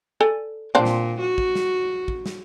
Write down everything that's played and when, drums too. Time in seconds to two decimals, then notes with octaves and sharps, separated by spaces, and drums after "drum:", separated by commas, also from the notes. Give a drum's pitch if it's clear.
0.21 A4 D5 G#5
0.75 A#2 C4 D4 F5
0.85 drum: snare
1.20 F#4
1.38 drum: kick
1.55 drum: snare
2.08 drum: kick
2.26 drum: snare